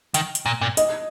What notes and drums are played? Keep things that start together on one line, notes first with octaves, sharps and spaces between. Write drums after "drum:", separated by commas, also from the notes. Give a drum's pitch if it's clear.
D#3, drum: hi-hat
drum: hi-hat
A#2
A#2
D#5, drum: hi-hat